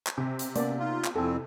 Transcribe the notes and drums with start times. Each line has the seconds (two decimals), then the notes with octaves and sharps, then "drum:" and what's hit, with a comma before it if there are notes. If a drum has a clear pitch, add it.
0.07 drum: clap
0.18 C3 C4 G#5
0.39 drum: hi-hat
0.56 A#3 B3 C#4 D5, drum: hi-hat
0.80 D#4 F4
1.04 drum: clap
1.16 F2 C4 E4 A4 G#5